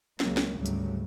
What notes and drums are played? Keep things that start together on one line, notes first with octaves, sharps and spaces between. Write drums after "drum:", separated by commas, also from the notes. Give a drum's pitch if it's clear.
C#2 F#3 G#3 A#3, drum: snare
drum: snare
D2 G#2 C#3 F#3 G3 A3
drum: hi-hat